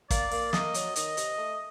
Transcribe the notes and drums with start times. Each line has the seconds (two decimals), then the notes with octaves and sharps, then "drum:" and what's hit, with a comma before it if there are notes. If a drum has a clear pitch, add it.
0.10 A#3 D5, drum: kick, hi-hat
0.31 A#3, drum: open hi-hat
0.53 A#3 D#5, drum: snare
0.74 F#3, drum: hi-hat
0.96 D#3 D#5, drum: hi-hat
1.17 C3, drum: hi-hat
1.38 A3